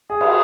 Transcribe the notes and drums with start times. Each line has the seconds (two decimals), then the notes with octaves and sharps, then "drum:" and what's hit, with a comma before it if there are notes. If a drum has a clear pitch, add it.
0.09 G#4 D#6
0.21 drum: cymbal